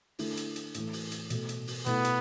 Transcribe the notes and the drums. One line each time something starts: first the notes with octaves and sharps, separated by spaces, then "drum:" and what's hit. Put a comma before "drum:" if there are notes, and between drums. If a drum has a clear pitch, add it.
D3 A3 E4 A4, drum: open hi-hat
drum: hi-hat
drum: hi-hat
A2 E3 A3, drum: hi-hat
drum: open hi-hat
drum: hi-hat
B2 A3 F#4 A4, drum: hi-hat
drum: hi-hat
drum: open hi-hat
B2 A3 B3 E4 A4, drum: hi-hat
drum: hi-hat